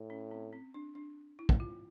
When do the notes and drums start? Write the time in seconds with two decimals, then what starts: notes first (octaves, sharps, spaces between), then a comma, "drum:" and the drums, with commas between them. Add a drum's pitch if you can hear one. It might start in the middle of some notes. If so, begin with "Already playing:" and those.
Already playing: A2
0.10 C#4
0.31 C4
0.53 C4
0.74 D4
0.95 D4
1.39 E4
1.49 drum: kick
1.60 F4